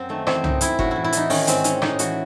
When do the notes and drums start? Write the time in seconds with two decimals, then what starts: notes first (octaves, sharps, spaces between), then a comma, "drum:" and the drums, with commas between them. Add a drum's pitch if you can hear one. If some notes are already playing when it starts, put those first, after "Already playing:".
Already playing: F#2 C4 F#4
0.09 D#3 A3
0.27 E3 C4, drum: rim click
0.44 F#2 D#4, drum: tom C2
0.61 F#2 E4, drum: hi-hat
0.79 A2 F#4, drum: kick G1
0.91 E3 E4
1.04 E4
1.12 E3 D#4, drum: hi-hat
1.30 D#3 C#4, drum: open hi-hat
1.47 G#2 C4, drum: hi-hat
1.64 G#2 C#4, drum: hi-hat
1.82 A2 D#4, drum: rim click
1.99 E3 F#4, drum: hi-hat